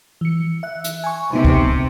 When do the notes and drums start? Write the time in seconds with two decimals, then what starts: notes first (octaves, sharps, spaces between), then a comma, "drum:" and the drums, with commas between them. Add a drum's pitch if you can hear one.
0.21 E3 C#7
0.63 E5 F#6
0.84 drum: hi-hat
1.04 G#5 C#6
1.33 C3 B3 D#4
1.45 drum: kick